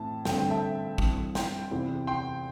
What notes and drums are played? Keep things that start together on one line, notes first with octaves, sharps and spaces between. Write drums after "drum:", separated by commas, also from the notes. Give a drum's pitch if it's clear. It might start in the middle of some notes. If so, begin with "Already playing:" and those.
Already playing: A2 E3 C4 A5
G2 D3 A3 C4 G5, drum: snare
G5
E5 A5
G2 E3 C4 E4, drum: kick
G5 C6, drum: snare
E2 C3 E3 C4 E4
G5 C6